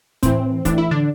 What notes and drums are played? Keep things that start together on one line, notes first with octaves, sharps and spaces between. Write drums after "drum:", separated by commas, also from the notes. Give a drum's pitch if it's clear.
A2 E3 C4, drum: kick, hi-hat
A2 E3 D4, drum: kick, hi-hat
E4
D3 D4